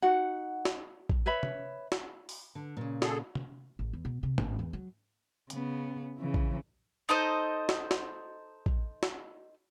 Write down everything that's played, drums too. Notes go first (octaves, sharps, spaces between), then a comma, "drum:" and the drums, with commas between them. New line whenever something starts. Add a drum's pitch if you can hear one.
D#4 F#4 F#5
drum: snare
drum: kick
B4 C#5 E5 B5
drum: tom
drum: snare
drum: open hi-hat
D3
A#2 C#3
G#4 A4, drum: snare
drum: tom
A1
E2
B2
C3
G#1, drum: tom
E2
F#3
C#3 B3, drum: hi-hat
C#3 E3
drum: kick
D#4 A4 C5 D#5
drum: snare
drum: snare
drum: kick
drum: snare